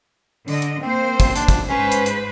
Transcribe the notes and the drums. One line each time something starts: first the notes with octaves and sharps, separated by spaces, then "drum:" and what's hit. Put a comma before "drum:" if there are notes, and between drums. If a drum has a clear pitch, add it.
D3 D#5, drum: open hi-hat
drum: hi-hat
A#3 C4 C5
drum: kick, hi-hat
D4, drum: hi-hat
drum: kick, hi-hat
G#2 C#4 B4 C5
drum: hi-hat
drum: hi-hat